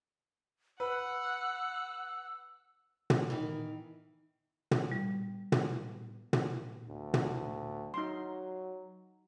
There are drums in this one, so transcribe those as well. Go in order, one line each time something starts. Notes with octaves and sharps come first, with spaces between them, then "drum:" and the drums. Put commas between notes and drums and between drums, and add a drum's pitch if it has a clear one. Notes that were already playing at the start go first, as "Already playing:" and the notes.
B4 F#5 E6
drum: tom
D#3 E3
drum: tom
G3
drum: tom
drum: tom
D2
drum: tom
F#3 D#4 C6